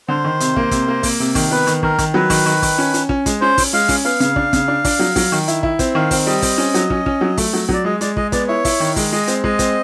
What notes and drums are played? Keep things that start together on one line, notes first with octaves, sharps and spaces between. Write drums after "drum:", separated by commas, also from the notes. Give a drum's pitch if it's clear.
D3 C5
D#3
C3, drum: hi-hat
A#3, drum: kick
C3, drum: kick, hi-hat
A#3
A#3, drum: kick, open hi-hat
C3
D#3, drum: kick, open hi-hat
B3 B4
D#3, drum: hi-hat
D#3 A#4, drum: kick
D#3, drum: kick, hi-hat
F#3 B4
D#3, drum: kick, open hi-hat
D#3
D#3, drum: kick, open hi-hat
C#4
C#4, drum: hi-hat
C#4, drum: kick
G#3, drum: kick, hi-hat
C#4 C5
C#4, drum: kick, open hi-hat
G#3 F5
C#4, drum: kick, open hi-hat
B3 F5
C#3, drum: hi-hat
D4, drum: kick
C#3, drum: kick, hi-hat
D4
D4, drum: kick, open hi-hat
F#3
F#3, drum: kick, open hi-hat
D#3
E4, drum: hi-hat
E4, drum: kick
C4, drum: kick, hi-hat
D#3 F5
C4, drum: kick, open hi-hat
G3 D#5
C4, drum: kick, open hi-hat
C#4
F#3, drum: hi-hat
C#4, drum: kick
C#4, drum: kick
F#3
A3, drum: kick, open hi-hat
F#3
F#3 D5, drum: kick
G#3 D#5
G#3 D5, drum: hi-hat
G#3 D#5, drum: kick
B3 D5, drum: kick, hi-hat
E4 C#5
E4, drum: kick, open hi-hat
D#3
G#3, drum: kick, open hi-hat
G#3 D#5
C4, drum: hi-hat
G#3 D#5, drum: kick
C4, drum: kick, hi-hat